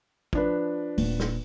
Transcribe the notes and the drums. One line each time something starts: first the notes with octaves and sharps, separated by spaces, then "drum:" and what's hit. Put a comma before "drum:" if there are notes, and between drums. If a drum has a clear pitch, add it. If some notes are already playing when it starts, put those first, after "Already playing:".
F3 D4 B4, drum: kick
D#1, drum: open hi-hat
drum: snare